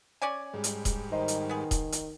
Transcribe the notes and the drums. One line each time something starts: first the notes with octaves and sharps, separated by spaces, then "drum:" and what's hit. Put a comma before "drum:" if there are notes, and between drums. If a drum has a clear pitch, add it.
C#4 D5 G#5
G#2 G3 G#3
drum: hi-hat
drum: kick D#1, hi-hat
D#3 C5 D#5 A#5
drum: hi-hat
B3 G#4
drum: kick D#1, hi-hat
drum: hi-hat